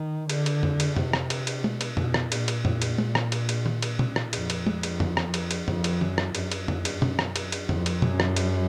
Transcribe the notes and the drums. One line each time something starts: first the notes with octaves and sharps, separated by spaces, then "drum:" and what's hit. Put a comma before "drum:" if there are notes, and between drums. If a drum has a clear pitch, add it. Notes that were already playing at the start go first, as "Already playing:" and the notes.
Already playing: D#3
D3, drum: cymbal
drum: cymbal
drum: tom
drum: cymbal
C3, drum: tom
drum: rim click
drum: cymbal
drum: cymbal
B2, drum: tom
drum: cymbal
B2, drum: tom
drum: rim click
A#2, drum: cymbal
drum: cymbal
drum: tom
drum: cymbal
drum: tom
drum: rim click
drum: cymbal
drum: cymbal
drum: tom D#3
drum: cymbal
drum: tom
drum: rim click
F2, drum: cymbal
drum: cymbal
drum: tom
drum: cymbal
drum: tom
drum: rim click
drum: cymbal
drum: cymbal
F2, drum: tom
drum: cymbal
F#2, drum: tom D#3
drum: rim click
F#2, drum: cymbal
drum: cymbal
drum: tom
drum: cymbal
drum: tom
drum: rim click
drum: cymbal
drum: cymbal
F2, drum: tom
drum: cymbal
F#2, drum: tom
drum: rim click
drum: cymbal